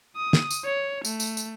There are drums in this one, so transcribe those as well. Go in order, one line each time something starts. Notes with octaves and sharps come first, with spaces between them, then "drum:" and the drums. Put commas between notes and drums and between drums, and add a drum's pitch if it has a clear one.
D#6
drum: snare
drum: tambourine
C#5
A3, drum: tambourine
drum: tambourine
drum: tambourine